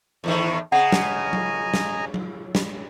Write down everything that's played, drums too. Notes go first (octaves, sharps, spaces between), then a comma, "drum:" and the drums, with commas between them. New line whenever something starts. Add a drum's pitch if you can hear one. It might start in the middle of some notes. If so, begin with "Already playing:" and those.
E2 A2 D#3
C#3 D#5 F#5 G#5 A#5
drum: snare
drum: tom F#3
drum: snare
drum: tom F#3
drum: snare